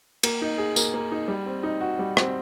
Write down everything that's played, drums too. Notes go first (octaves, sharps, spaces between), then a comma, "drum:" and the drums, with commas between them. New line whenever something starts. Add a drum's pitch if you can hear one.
A#3, drum: cymbal
D#4
G#4
A#3, drum: tambourine
A#3
D#4
G3
C4
D#4
F#4
G3
C4, drum: rim click